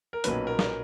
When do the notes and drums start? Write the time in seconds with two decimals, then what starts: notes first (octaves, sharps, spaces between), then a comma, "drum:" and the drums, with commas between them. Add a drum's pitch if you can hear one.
0.13 A#4
0.24 B1 A#2 F#3 C#4 B4, drum: hi-hat
0.47 A#4
0.59 drum: snare